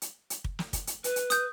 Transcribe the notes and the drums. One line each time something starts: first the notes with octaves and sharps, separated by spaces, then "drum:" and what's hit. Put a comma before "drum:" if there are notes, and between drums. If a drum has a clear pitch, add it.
drum: hi-hat
drum: hi-hat
drum: kick
drum: snare
drum: kick, hi-hat
drum: hi-hat
B4, drum: hi-hat
drum: hi-hat
D#6 G6, drum: hi-hat